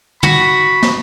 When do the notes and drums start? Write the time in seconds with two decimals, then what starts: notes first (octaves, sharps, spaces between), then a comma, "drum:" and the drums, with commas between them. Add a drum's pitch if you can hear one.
0.23 F#4 B5, drum: tom
0.83 drum: snare